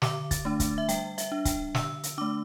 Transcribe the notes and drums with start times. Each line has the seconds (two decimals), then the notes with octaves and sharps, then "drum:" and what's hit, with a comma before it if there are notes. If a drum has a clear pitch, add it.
0.02 D3 D6, drum: snare
0.31 A6, drum: kick, hi-hat
0.45 A3 D4
0.60 drum: kick, hi-hat
0.78 E5
0.89 G3 G5, drum: hi-hat
1.18 E5, drum: hi-hat
1.32 D4
1.45 G5, drum: kick, hi-hat
1.75 D3 E6, drum: snare
2.03 drum: hi-hat
2.18 A3 D4 D6